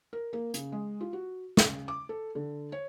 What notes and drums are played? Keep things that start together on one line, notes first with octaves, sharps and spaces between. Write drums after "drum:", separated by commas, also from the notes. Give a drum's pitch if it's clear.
A#4
A#3
C#3, drum: hi-hat
G#3
F4
F#4
C#3, drum: snare
D6
A4
D3
C#5